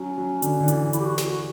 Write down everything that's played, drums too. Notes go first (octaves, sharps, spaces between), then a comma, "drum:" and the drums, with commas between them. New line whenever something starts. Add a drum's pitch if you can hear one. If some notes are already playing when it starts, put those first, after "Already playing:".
Already playing: F#3 C#4
F#3
D3, drum: hi-hat
D3
E3, drum: hi-hat
E4, drum: hi-hat
G4
F#4
drum: snare
F#4